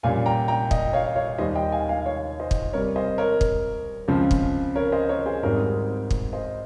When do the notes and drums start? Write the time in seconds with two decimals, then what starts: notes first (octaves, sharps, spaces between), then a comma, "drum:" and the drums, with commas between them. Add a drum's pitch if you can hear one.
0.03 A#1 A#2 G3 C#4 F5 G#5
0.26 G5 A#5
0.48 G5 A#5
0.71 D#5 G5, drum: kick
0.93 C#5 F5
1.16 C#5 F5
1.38 D#2 D#3 G3 C5 D#5
1.55 D#5 G5
1.72 F5 G#5
1.89 F5 G#5
2.06 C#5 F5
2.40 C5 D#5
2.51 drum: kick
2.73 C2 C3 G3 A#4 C#5
2.96 C5 D#5
3.18 A#4 C#5
3.41 drum: kick
4.08 C#2 C#3 F3 C4
4.31 drum: kick
4.75 A#4 C#5
4.92 C5 D#5
5.09 A#4 C#5
5.26 G#4 C5
5.43 G#1 G#2 G3 C4 D#4 A#4 C#5
6.11 drum: kick
6.33 C5 D#5